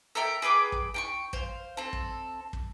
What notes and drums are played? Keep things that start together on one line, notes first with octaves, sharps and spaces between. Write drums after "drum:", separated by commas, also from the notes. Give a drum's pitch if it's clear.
A4 A#4 E5 G5
G#4 B4 G5 D6
drum: kick
G5 A5 C#6
C5 F5, drum: kick
C4 A4
drum: kick
drum: kick